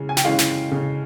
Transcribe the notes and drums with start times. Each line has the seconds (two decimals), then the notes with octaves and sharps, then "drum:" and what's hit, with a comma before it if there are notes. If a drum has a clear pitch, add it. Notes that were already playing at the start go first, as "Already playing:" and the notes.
Already playing: C#3 E3 G#3
0.09 G#5
0.17 G5, drum: snare
0.24 E3 G#3 C#4 F5
0.38 drum: snare
0.71 C#3